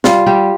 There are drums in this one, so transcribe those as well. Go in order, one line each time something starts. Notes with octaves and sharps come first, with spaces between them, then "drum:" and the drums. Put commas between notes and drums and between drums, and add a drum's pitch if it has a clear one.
G3 F4, drum: snare
G3 G4